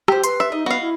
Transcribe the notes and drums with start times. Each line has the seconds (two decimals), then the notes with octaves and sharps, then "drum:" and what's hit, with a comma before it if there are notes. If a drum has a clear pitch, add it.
0.08 G4 C5, drum: rim click
0.24 B4 C6, drum: hi-hat
0.40 E5
0.52 D#4 D#5
0.66 B3 F#4 F5
0.82 E4